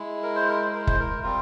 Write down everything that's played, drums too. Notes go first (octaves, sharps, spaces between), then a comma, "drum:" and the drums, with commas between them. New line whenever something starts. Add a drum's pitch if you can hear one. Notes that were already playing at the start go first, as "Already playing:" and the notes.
Already playing: G#3 E4
A#4
C5
A#4
C5
A#4
C5, drum: kick
A#4
G3 C4 F4 A#4